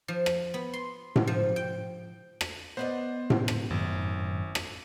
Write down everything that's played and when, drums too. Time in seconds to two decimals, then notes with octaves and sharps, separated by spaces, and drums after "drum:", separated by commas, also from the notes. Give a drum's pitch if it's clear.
0.08 F3
0.26 drum: rim click
0.54 B3
0.73 C6
1.16 drum: tom A2
1.27 F3
1.56 G5
2.41 drum: rim click
2.77 B3 C5 D5 D#5
3.30 drum: tom A2
3.48 drum: rim click
3.70 G#1 F#2 A2 D#3
4.55 drum: rim click